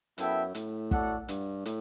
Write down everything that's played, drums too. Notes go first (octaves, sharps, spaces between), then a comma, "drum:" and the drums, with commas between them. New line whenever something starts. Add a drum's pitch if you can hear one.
F#2 B3 E4 A4 E5 G5, drum: hi-hat
A2, drum: hi-hat
F#4 A4 D5 F#5, drum: kick
G2, drum: hi-hat
A2, drum: hi-hat